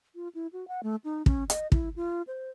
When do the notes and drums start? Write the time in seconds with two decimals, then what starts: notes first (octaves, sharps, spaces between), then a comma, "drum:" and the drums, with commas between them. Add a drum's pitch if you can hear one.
0.15 F4
0.35 E4
0.53 F#4
0.68 F#5
0.83 A3
1.04 D#4
1.26 C#4, drum: kick
1.50 D#5, drum: hi-hat
1.72 E4, drum: kick
1.96 F4
2.27 C5